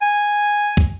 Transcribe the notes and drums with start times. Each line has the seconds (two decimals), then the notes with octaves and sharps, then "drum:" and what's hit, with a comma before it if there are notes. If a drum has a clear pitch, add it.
0.02 G#5
0.77 drum: kick